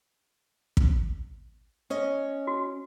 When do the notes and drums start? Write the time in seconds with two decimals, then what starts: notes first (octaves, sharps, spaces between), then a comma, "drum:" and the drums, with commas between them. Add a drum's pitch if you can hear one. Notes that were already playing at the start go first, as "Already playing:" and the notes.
0.77 drum: kick
1.90 C#4 D#5
2.47 F#4